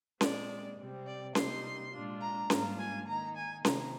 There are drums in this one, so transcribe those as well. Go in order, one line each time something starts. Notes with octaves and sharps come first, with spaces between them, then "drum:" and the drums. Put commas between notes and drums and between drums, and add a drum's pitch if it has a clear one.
A#2 G#3 C4 D5, drum: snare C#4
C3 G3 C4
D5
C3 G3 A#3 D#4 C6, drum: snare C#4
A#2 G#3 D4 F4
A#5
G#2 G3 A#3 D4 F4, drum: snare C#4
G#5
D#3 A#3 D#4 A#5
G#5
C3 D#3 A#3 A#5, drum: snare C#4